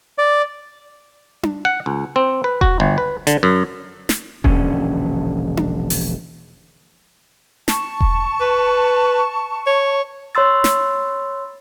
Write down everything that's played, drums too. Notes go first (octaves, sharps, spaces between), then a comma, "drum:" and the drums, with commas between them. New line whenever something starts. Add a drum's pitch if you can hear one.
D5
drum: tom D4
F#5
C#2
C4
B4
F#4, drum: kick E1
G1
B4
D3, drum: hi-hat
F#2
drum: snare
E1 A#1 D3 C#4, drum: kick E1
drum: tom D4
drum: open hi-hat
A5 C#6, drum: snare
drum: kick E1
B4
C#5
C#5 B5 C6 E6 A6
drum: snare